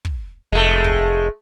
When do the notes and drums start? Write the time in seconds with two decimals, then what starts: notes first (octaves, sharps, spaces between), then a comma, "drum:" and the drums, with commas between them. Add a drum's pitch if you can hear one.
0.05 drum: kick
0.52 F1 G#3 A3
0.84 drum: kick